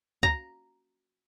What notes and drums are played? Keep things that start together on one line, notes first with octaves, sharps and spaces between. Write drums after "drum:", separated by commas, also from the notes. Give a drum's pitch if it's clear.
A#5, drum: kick